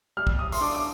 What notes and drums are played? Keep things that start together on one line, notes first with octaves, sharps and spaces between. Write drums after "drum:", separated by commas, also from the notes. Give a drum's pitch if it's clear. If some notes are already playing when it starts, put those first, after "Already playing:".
G3 F6
drum: kick
D#6
C6, drum: open hi-hat
D4 D6
D6